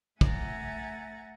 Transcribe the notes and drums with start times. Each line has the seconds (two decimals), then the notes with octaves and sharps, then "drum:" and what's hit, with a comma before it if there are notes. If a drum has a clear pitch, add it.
0.21 A3 E5 F#5 G#5 A#5 A6, drum: kick